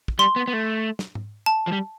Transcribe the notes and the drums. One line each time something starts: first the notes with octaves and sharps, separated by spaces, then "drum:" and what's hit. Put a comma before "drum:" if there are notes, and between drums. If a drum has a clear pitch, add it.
drum: kick
G3 C6
B3
B3
A3
drum: snare
drum: tom G#2
A5
F3
G3